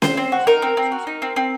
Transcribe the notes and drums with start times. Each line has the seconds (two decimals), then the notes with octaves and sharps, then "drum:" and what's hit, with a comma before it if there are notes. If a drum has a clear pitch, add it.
0.02 C4 C5, drum: snare C#4
0.17 C4
0.32 F#4
0.47 D#4 A#4
0.62 C4
0.77 C4
0.92 F#4
1.07 D#4
1.22 C4
1.36 C4